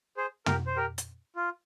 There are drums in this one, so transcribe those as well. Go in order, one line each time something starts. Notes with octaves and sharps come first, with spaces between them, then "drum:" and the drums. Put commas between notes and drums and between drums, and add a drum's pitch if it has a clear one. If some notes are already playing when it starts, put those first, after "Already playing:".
G#4 C5
G4 A#4, drum: tom
C5
G4 A#4
drum: hi-hat
F4